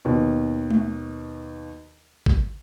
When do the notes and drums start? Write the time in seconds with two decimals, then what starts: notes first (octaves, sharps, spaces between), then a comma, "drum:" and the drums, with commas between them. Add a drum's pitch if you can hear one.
0.05 D#2 B2
0.70 drum: tom G#3
2.26 drum: kick A1